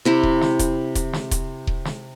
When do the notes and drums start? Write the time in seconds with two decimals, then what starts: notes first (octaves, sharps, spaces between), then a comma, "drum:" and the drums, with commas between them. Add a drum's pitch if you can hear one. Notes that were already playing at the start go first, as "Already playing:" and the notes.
0.05 C3 E4 G4
0.23 drum: kick D#1
0.41 drum: snare
0.59 drum: kick D#1, hi-hat
0.95 drum: kick D#1, hi-hat
1.13 drum: snare
1.31 drum: kick D#1, hi-hat
1.67 drum: kick D#1
1.85 drum: snare